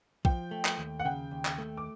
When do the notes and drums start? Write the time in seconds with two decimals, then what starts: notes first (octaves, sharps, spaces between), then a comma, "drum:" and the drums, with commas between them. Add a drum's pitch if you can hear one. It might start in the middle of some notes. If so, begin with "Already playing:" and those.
0.25 F3 G5, drum: kick
0.51 A3
0.65 drum: clap
0.78 D#2
1.00 F#5
1.05 C#3 G5
1.31 D#2
1.45 drum: clap
1.58 A3
1.77 D6